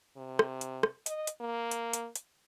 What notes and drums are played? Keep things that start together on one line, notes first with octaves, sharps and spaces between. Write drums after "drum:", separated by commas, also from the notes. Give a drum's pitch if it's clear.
C3
drum: rim click
drum: hi-hat
drum: rim click
D#5, drum: hi-hat
drum: hi-hat
A#3
drum: hi-hat
drum: hi-hat
drum: hi-hat